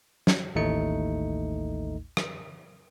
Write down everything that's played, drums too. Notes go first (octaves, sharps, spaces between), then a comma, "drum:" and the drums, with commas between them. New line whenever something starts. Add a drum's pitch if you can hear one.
drum: snare
A1 D#2 A2 A3 D#4 C#7
drum: rim click